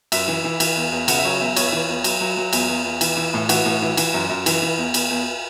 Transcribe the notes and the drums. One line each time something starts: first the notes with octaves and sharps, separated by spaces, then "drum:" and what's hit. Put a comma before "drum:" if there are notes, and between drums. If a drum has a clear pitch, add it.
F#2 E5, drum: cymbal
E3
E3
E3, drum: cymbal
E2
E2
C#3 F#5, drum: cymbal
E5
F#3 C#5
E2 E5
E2 C#5, drum: cymbal
E5
E3 C#5
E2
F#3, drum: cymbal
F#3
F#3
E2, drum: cymbal
E2
E2
E3, drum: cymbal
E3
A2
E3 F#4, drum: cymbal
A2
E3
E3, drum: cymbal
F#2
F#2
E3, drum: cymbal
E3
E2
E2, drum: cymbal
E2